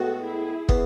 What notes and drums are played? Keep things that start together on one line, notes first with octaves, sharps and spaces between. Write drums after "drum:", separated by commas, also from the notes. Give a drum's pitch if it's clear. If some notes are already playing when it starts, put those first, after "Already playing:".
Already playing: A2 G#3 B3 F#4 A4
E4 G#4
C#3 E3 B3, drum: kick